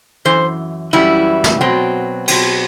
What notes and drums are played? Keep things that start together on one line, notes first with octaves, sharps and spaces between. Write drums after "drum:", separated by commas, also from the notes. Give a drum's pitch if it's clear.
F#2 E3 C5
F#2 E3 G3 E4
drum: snare
B2 F#3 C4
B2 F#3 C4, drum: cymbal